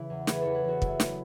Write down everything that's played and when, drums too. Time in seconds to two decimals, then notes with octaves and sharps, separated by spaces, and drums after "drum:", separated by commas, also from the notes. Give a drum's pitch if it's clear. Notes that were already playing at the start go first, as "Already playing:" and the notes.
Already playing: C#3 E3 E4
0.10 E2
0.27 E3 G#4 B4, drum: snare
0.42 E2 A4 C#5
0.55 G#4 B4
0.64 E2 F#4 A4
0.82 F#2 E4, drum: kick
1.00 drum: snare